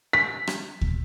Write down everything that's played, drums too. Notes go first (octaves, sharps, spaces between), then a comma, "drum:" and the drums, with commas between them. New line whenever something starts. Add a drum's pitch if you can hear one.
B6
drum: rim click
drum: kick D2